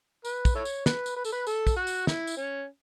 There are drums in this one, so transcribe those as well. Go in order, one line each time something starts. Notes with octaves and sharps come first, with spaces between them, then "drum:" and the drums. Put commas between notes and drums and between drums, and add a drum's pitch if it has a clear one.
B4, drum: tambourine
drum: kick, tambourine
E4 A4 C#5
drum: tambourine
B4, drum: snare
drum: tambourine
B4
A4, drum: tambourine
B4
A4, drum: tambourine
drum: kick, tambourine
F#4
drum: tambourine
E4, drum: snare
drum: tambourine
C#4